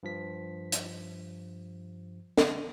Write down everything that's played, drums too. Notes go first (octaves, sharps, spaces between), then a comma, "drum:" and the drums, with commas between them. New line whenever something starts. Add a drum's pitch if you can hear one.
G2 F3 B6
drum: hi-hat
drum: snare